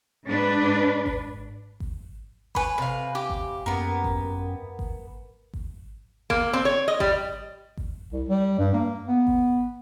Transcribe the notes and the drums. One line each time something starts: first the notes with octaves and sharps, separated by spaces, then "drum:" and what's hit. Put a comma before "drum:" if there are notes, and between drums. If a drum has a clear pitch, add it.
G#2 D4 B4
drum: kick G#1
drum: kick G#1
B4 C#5 G#5 B5, drum: kick G#1
C3 F5
G4
drum: kick G#1
F#2 A#3 B3
drum: kick G#1
drum: kick G#1
drum: kick G#1
A#3, drum: kick G#1
C4
C#5
D#5
G3, drum: kick G#1
drum: kick G#1
C2
G3
G2
A#3
B3
drum: kick G#1